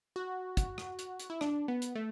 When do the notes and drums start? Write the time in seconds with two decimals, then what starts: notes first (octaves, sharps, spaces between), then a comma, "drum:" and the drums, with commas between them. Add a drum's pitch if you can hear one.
0.16 F#4
0.57 drum: kick, hi-hat
0.78 drum: rim click
0.99 drum: hi-hat
1.20 drum: hi-hat
1.30 E4
1.41 D4, drum: rim click
1.68 B3
1.82 drum: hi-hat
1.95 A3